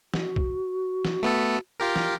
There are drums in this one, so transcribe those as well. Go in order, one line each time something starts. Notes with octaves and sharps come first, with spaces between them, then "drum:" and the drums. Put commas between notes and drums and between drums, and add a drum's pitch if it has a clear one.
F#4, drum: snare
drum: kick
drum: snare
A3 B3 A4
F4 G4 A#4
drum: snare